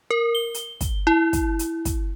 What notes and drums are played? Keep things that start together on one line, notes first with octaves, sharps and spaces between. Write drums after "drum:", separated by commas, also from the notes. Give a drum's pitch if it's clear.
A#4
G7
drum: hi-hat
drum: kick, hi-hat
E4
drum: kick, hi-hat
drum: hi-hat
drum: kick, hi-hat